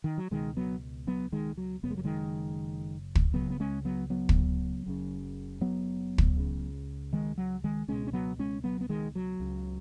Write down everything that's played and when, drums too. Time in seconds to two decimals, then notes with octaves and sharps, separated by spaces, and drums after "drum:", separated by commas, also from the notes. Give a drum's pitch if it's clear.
0.04 D#3
0.18 F#3
0.31 C#2 B2 D#3 G#3
0.57 F#3 B3
1.07 F#3 B3
1.32 D#3 G#3
1.57 F#3
1.83 F#1 F#2 C#3 B3
1.90 G#3
1.98 F#3
2.04 D#3 G#3
3.15 drum: kick
3.34 C#2 C#3 F#3 B3
3.50 B3
3.60 G#3 C#4
3.85 F#3 B3
4.10 F#3 B3
4.29 drum: kick
4.86 F#1 F#2 C#3
5.61 F#3 B3
6.18 drum: kick
6.37 C#2 C#3
7.13 D#3 G#3
7.38 F#3
7.64 D#3 G#3
7.88 C#2 B2 G#3 C#4
8.07 C#4
8.13 F#3 B3
8.39 G#3 C#4
8.64 F#3 B3
8.81 B3
8.89 D#3 G#3
9.15 F#3
9.40 C#2 C#3